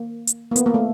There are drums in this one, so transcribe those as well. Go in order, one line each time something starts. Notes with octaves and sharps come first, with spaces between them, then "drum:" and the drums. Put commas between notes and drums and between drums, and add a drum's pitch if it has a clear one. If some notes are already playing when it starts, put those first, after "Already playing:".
Already playing: A#3
drum: hi-hat
A#3
B3, drum: hi-hat
A#3
A3